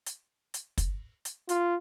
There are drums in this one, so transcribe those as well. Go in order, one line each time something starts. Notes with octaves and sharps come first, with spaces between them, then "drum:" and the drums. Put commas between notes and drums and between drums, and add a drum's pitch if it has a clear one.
drum: hi-hat
drum: hi-hat
drum: kick, hi-hat
drum: hi-hat
F4, drum: hi-hat